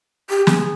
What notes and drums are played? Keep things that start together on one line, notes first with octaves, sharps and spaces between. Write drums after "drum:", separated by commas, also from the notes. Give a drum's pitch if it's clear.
G4
G#4, drum: snare